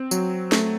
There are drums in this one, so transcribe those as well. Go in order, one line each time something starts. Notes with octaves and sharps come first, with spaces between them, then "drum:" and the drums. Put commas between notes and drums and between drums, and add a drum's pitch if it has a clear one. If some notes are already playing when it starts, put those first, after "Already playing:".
Already playing: C4
F#3, drum: tambourine
A3, drum: snare